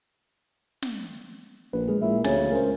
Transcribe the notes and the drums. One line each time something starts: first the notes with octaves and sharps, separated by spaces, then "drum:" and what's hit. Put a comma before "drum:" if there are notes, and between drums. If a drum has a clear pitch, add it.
drum: snare
A#1 B4
G#3 G#4
A#2 E4
D2 C#3 G#5 A6, drum: snare
C#2 A#4 C5